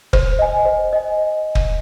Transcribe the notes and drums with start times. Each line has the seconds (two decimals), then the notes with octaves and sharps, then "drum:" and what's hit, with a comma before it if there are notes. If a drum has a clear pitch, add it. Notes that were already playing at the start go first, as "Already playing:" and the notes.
0.13 C5, drum: kick
0.39 D#5 G#5
0.66 C5
0.93 D#5 G#5
1.55 drum: kick